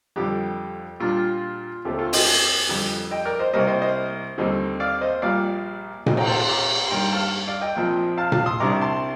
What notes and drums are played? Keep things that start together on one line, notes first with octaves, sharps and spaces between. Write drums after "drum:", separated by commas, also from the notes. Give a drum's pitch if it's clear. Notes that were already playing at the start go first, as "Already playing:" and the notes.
F2 D3 G3 G4
A#2 G3 D4 F4
D#2 D3 A3 C4 G4
F4 A4
D#5 G5, drum: open hi-hat
F2 D3 G3 D4
D#5 G5
A#4 D5
C5 D#5
C2 C3 G3 A#3 C5 D#5
C5 D#5
C5 D#5
D#2 D3 G3 C4 D#4
D5 F5
C5 D#5
A#1 A#2 G3 D5 F5
A#2 A3 C4 D#4 D#5 G5, drum: tom A#2
G5 A#5, drum: cymbal
A5 C6
A#5 D6
C6
G2 D#3 A#3 D4 G5 A#5
F5 A5
D5 F5
D#5 G5
A#1 A#2 F3 C4
F5 A5
F5 A5, drum: tom A#2
C6 D#6
C2 C3 G3 D4 A#5 D6
A5 C6